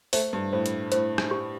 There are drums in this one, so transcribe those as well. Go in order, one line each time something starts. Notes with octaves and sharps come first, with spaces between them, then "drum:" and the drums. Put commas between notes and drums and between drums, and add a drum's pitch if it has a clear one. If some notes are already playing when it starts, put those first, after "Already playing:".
A3 C5, drum: open hi-hat
G2
A2 C5
drum: hi-hat
A2 C5, drum: hi-hat
drum: rim click
G4